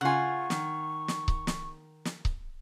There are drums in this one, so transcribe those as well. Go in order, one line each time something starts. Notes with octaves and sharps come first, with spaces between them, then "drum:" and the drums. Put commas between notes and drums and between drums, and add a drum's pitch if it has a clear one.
C#3 F4 F#5 G#5 C#6
D#3, drum: snare
drum: snare
drum: kick C#1
drum: snare
drum: snare
drum: kick C#1